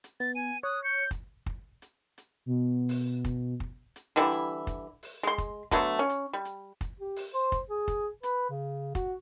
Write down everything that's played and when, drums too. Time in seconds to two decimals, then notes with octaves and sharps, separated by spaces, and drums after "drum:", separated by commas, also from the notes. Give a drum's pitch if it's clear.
0.04 drum: hi-hat
0.20 B3 A6
0.35 G#5 D#7
0.63 C#5 D#6 F#6
0.84 G6 C#7
1.11 drum: kick, hi-hat
1.46 drum: kick
1.82 drum: hi-hat
2.18 drum: hi-hat
2.46 B2
2.89 drum: open hi-hat
3.25 drum: kick, hi-hat
3.60 drum: kick
3.96 drum: hi-hat
4.16 D3 E3 G3 E4
4.31 drum: hi-hat
4.67 drum: kick, hi-hat
5.03 drum: open hi-hat
5.23 G#3 C6
5.38 drum: kick, hi-hat
5.71 D3 F#3 A3 B3, drum: kick, hi-hat
5.99 C#4
6.09 drum: hi-hat
6.33 G3
6.45 drum: hi-hat
6.81 drum: kick, hi-hat
7.00 G4
7.16 drum: open hi-hat
7.34 C5
7.52 drum: kick, hi-hat
7.70 G#4
7.88 drum: kick, hi-hat
8.23 B4, drum: hi-hat
8.50 C#3
8.95 F#4, drum: kick, hi-hat